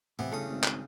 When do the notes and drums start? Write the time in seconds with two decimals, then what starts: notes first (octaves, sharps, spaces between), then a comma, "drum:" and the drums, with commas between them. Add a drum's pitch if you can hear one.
0.19 A2 C3 E3 B3 E4
0.32 E2 G2 C#3 A3 A4 D#6
0.49 G#1
0.63 drum: clap